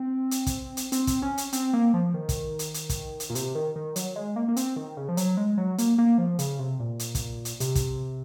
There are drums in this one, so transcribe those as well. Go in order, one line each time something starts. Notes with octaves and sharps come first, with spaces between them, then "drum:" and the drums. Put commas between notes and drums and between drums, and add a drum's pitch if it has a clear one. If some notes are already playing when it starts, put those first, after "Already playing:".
Already playing: C4
drum: hi-hat
drum: kick, hi-hat
drum: hi-hat
C4, drum: hi-hat
drum: kick, hi-hat
C#4
drum: hi-hat
C4, drum: hi-hat
A#3
F3
D#3
drum: kick, hi-hat
drum: hi-hat
drum: hi-hat
drum: kick, hi-hat
drum: hi-hat
A#2
C3, drum: hi-hat
D#3
D#3
F#3, drum: hi-hat
G#3
A#3
A#3
C4, drum: hi-hat
D#3
C#3
F3
F#3, drum: hi-hat
G#3
F#3
A#3, drum: hi-hat
A#3
F3
C#3, drum: hi-hat
C3
A#2
drum: hi-hat
drum: kick, hi-hat
drum: hi-hat
C3, drum: hi-hat
drum: kick, hi-hat